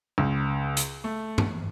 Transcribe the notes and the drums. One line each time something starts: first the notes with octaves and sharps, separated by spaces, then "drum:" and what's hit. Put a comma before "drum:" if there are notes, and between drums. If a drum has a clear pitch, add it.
C#2
drum: hi-hat
A3
drum: tom G2